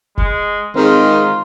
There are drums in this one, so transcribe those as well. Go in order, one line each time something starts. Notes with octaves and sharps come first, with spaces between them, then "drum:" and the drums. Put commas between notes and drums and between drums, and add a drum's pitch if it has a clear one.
G#3, drum: kick F1
D#3 G#3 C4 F4